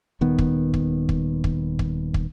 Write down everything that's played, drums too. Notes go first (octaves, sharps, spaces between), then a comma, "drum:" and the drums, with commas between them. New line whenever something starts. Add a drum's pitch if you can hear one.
D#1 D#3 B3
drum: kick
drum: kick
drum: kick
drum: kick
drum: kick
drum: kick